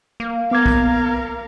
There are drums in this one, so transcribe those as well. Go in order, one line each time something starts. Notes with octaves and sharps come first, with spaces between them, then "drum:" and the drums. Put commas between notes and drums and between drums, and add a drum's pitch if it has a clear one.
A#3
B3 A#4 F5 D6 G#6
drum: kick